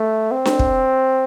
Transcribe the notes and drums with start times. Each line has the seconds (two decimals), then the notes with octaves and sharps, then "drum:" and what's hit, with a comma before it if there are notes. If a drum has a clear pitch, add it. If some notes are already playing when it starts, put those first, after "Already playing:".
Already playing: A3
0.32 C4
0.45 drum: snare D4
0.59 drum: kick